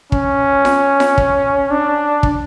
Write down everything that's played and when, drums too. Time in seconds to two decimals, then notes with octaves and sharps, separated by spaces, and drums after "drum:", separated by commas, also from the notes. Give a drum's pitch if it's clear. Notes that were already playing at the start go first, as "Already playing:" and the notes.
0.12 C#4, drum: kick
0.65 drum: snare F4
1.00 drum: snare F4
1.18 drum: kick
1.71 D4
2.23 drum: kick